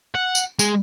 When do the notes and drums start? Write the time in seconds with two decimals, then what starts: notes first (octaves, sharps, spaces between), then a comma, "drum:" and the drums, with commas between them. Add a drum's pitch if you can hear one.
0.14 F#5
0.35 drum: tambourine
0.59 G#3, drum: tambourine